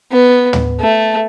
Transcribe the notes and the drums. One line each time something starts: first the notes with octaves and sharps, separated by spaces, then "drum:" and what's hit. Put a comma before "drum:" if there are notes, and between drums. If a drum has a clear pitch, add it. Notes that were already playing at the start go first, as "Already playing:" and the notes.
B3
drum: tom
A3